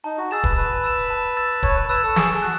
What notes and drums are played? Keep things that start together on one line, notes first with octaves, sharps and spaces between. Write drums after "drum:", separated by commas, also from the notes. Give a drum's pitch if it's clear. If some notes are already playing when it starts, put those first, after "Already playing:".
D#4 A5
F#4
G#4 E6 A6 E7
B4, drum: kick
B4 A5
E6 A6 E7
A5
E6 A6 E7
C#5 A5, drum: kick
B4
B4 E6 A6 E7
A4
G#4 C#6, drum: snare
G#4
F#4 F#6